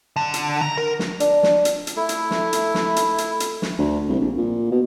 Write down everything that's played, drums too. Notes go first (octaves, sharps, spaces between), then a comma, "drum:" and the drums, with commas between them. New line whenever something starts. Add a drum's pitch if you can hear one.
D3
drum: hi-hat
A#5
A#4
drum: snare
D4, drum: hi-hat
drum: snare
drum: hi-hat
drum: hi-hat
A3 E4
drum: hi-hat
drum: snare
drum: hi-hat
drum: snare
drum: hi-hat
drum: hi-hat
drum: hi-hat
drum: snare
D2
C2
A#1
A#2
B2